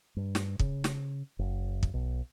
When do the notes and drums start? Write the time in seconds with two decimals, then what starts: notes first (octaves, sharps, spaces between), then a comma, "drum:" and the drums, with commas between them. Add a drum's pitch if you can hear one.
0.17 G2
0.35 drum: snare
0.59 C#3, drum: kick
0.84 drum: snare
1.39 F#1
1.83 drum: kick
1.94 B1